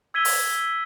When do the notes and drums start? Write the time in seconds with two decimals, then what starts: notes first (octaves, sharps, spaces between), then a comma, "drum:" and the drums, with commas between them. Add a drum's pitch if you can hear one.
0.14 E6 G#6 B6 D#7 G7
0.25 drum: open hi-hat